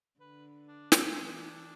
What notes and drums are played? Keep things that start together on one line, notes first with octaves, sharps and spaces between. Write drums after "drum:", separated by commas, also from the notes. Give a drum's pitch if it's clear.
D3 B4
D4
D4, drum: snare
E3 D4